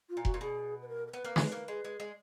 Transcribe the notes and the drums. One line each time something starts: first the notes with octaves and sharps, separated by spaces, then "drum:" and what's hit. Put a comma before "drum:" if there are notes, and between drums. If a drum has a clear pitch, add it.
F4
A#2
F#4, drum: kick F1
A#2
B2 G#4
B4
A#4
A#4
B3 B4
A#3
G#3, drum: snare
A#3
G#3
G#3
G#3